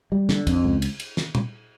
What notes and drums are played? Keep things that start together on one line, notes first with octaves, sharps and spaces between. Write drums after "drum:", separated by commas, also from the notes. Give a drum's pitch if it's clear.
G3
D3, drum: snare
F2, drum: kick, cymbal
C#2
drum: cymbal
drum: cymbal
drum: snare
drum: tom